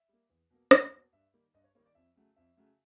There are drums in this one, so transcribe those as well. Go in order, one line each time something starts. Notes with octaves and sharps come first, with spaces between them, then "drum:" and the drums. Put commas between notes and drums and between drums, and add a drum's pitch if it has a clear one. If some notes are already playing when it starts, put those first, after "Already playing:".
Already playing: E5
G3 A#3
E2
B2 F#3 A#3
E2, drum: rim click
B2 F#3 A#3
G2 E5
D#3 G3 A#3
G2 D#5
C#5
D#3 G3 A#3 C#5
D5
F2 E5
C#3 F#3 A3
F2 E5
C#3 F#3 A3